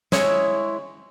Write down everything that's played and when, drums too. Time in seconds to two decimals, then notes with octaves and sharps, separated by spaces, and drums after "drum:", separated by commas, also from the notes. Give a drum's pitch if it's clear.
0.12 G#3 E4 C#5, drum: snare